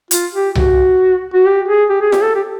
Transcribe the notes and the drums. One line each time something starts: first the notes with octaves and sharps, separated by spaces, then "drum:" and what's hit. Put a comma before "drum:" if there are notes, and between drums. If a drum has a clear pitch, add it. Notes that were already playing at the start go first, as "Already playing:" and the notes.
F4, drum: hi-hat
G4
F#4, drum: tom C2
F#4
G4
G#4
G4
G#4
G4, drum: snare F4
A4
G4